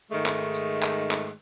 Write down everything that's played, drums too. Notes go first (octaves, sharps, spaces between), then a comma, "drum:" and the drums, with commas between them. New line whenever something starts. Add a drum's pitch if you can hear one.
G#2 D#3 G#3 A3
drum: clap
drum: tambourine
drum: clap
drum: clap